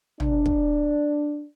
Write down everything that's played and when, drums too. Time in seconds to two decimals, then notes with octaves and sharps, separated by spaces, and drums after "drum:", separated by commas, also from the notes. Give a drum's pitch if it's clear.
0.20 D4, drum: tom
0.46 drum: kick